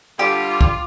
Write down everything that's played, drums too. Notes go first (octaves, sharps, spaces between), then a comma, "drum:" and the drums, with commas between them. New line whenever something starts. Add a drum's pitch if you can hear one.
D3 G3 F4 G4 D6
drum: kick